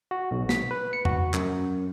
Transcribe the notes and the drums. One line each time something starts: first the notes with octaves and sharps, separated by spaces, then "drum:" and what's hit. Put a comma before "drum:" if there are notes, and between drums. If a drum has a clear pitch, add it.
F#4
B1
B6, drum: snare
B4
C#7
F#4, drum: tom E2
F#2, drum: clap